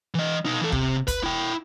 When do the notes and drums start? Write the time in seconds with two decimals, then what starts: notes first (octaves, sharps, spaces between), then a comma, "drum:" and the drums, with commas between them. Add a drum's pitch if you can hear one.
0.15 E3 D#5
0.45 B2 D#4
0.61 E3 A4
0.72 C3, drum: kick
1.08 B4, drum: kick, hi-hat
1.23 E4 G5